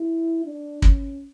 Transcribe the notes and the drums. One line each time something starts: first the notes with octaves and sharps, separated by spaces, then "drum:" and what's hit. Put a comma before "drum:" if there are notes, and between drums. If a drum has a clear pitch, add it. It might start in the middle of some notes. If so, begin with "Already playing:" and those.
Already playing: E4
D4
C#4, drum: kick